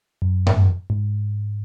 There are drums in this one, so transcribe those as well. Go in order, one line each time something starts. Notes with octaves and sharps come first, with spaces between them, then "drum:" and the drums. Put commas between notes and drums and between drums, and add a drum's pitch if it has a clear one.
F#2
drum: tom G2
G#2